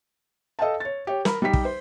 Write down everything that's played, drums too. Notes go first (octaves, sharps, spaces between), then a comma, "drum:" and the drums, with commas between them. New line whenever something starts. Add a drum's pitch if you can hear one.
A4 D#5 F5 G5 A5
C#5 A6
G4 C#5
A#4 B5, drum: snare
G3 D#4 G4 B6
drum: kick
C5